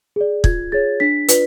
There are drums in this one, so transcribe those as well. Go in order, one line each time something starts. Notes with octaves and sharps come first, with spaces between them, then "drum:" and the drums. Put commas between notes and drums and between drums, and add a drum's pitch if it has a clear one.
G#4 D5
F4 G#6, drum: kick
G#4 C#5 A6
D4 B6
F4 B4 D5, drum: hi-hat